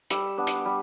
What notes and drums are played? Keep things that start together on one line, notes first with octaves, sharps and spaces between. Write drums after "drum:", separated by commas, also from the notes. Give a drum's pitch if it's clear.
G3 E6, drum: hi-hat
B3 D4
drum: hi-hat
G3